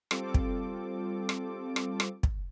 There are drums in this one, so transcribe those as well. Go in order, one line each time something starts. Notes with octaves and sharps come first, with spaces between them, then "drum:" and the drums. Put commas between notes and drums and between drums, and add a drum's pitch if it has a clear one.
G3 C4 F4 A4 D6, drum: rim click
drum: kick
drum: rim click
drum: rim click
drum: rim click
drum: kick